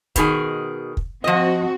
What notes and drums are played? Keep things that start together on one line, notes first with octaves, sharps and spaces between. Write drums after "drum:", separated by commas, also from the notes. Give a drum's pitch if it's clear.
B2 D#3 G#4, drum: kick, hi-hat
drum: kick
F3 C4 F#4 D#5